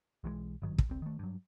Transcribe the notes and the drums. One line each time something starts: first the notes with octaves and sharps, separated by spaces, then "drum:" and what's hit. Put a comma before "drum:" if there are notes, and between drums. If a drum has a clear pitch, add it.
B1 E3 F#3 G#3
G#1 G2 D#3 F#3
drum: kick
C#2 C4
D#3 A3
G2 F#3